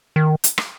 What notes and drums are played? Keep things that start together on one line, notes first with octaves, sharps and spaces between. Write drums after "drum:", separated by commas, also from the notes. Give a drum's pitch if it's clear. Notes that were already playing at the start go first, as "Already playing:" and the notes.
D#3
drum: hi-hat
drum: rim click